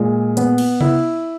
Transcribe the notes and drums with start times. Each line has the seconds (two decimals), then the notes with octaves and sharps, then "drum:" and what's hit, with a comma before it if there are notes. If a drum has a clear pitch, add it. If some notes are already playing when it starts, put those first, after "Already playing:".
Already playing: A#2 G#3
0.37 B3, drum: hi-hat
0.58 drum: cymbal
0.81 E4, drum: tom C3